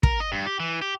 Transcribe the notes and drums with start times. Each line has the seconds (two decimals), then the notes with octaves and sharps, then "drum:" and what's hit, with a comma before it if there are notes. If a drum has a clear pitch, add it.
0.03 A#4, drum: kick
0.20 D#5
0.32 G2
0.46 G4
0.60 E3
0.81 G4